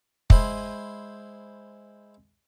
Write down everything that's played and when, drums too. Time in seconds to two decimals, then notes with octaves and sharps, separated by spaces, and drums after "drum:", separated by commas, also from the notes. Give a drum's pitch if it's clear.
0.30 G#3 E4 C5 B5 C6, drum: kick